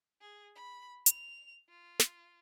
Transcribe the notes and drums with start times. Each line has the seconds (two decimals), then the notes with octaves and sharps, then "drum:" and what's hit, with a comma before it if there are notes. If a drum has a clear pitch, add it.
0.21 G#4
0.55 B5
1.06 F7, drum: hi-hat
1.69 F4
2.00 drum: snare